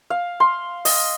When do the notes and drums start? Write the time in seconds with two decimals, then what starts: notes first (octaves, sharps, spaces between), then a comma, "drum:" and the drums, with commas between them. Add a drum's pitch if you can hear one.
0.10 F5
0.40 C6
0.85 D#5, drum: open hi-hat